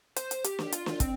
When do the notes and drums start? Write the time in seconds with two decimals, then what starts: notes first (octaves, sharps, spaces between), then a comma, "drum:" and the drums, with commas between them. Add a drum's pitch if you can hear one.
0.16 C5, drum: hi-hat
0.31 drum: hi-hat
0.44 G4, drum: hi-hat
0.59 drum: snare
0.72 F4, drum: hi-hat
0.86 drum: snare
1.00 C4, drum: kick, hi-hat